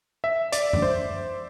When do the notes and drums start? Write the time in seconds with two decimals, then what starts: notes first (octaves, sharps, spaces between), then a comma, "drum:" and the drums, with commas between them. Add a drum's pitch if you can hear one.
0.24 E5
0.52 D5, drum: hi-hat
0.73 drum: tom F#2
0.82 C5